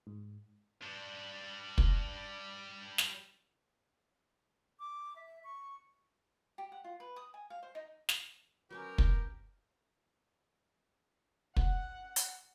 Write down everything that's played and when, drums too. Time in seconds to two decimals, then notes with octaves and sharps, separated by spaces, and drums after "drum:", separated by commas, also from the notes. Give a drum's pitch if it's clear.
0.07 G#2
0.83 G3 D4
1.78 drum: kick
2.98 drum: snare
4.79 D6
5.16 E5
5.44 C#6
6.58 G4
6.72 F#5
6.84 F4
7.00 B4
7.16 D#6
7.34 G#5
7.50 F5
7.63 C5
7.75 D#4
8.09 drum: snare
8.70 F#3 B3 C#4 G4 A#4
8.98 drum: kick
11.56 F#5, drum: kick
12.16 drum: hi-hat